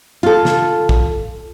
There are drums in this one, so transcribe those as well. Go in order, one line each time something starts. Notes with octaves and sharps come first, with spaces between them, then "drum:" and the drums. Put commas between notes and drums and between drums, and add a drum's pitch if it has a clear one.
F4 A4
drum: snare
drum: kick